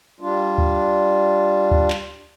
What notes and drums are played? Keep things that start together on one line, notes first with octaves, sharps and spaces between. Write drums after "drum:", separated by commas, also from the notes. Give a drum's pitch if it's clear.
G3 D4 F4
drum: kick
drum: kick
drum: clap